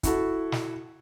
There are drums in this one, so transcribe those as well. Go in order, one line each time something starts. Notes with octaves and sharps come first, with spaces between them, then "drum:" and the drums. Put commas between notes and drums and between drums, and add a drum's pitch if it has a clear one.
E4 F#4 A4, drum: kick, hi-hat
drum: snare